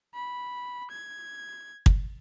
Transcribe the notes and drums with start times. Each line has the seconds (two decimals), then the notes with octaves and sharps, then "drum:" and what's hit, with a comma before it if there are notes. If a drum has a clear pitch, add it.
0.14 B5
0.91 G#6
1.86 drum: kick